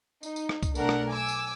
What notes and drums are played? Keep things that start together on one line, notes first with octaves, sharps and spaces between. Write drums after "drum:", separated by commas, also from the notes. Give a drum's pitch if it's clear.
D#4, drum: tambourine
drum: tambourine
drum: rim click
drum: kick C2, tambourine
B1 A3 D4 A#4 F#5, drum: tambourine
drum: rim click
G#5 D6 E6
drum: tambourine